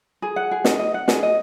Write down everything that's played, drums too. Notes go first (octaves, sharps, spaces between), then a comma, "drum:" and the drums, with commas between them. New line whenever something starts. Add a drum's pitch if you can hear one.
G#4
F#5
G#4
D#4, drum: snare
D#5
F#5
G#4, drum: snare
D#5